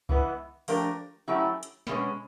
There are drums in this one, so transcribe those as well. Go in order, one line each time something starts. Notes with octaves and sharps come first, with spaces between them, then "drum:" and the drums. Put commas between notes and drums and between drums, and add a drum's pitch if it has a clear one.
E3 G#3 B3, drum: kick C2
F3 A3 D4 G4 A#4, drum: open hi-hat
F#3 A3 C#4 E4 G4
drum: hi-hat
B2 G#3 C#4, drum: snare